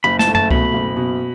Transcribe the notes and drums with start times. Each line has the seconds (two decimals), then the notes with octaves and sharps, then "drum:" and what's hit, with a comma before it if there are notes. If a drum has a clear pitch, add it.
0.04 F#1 B5
0.19 A5, drum: snare
0.27 A3
0.35 A5, drum: tom F#2
0.51 B2 B5, drum: kick C2
0.74 F#1
0.97 B2